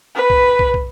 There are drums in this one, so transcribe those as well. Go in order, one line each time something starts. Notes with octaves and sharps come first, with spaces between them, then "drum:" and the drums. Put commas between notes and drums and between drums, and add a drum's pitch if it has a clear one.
B4
drum: kick
drum: kick
drum: kick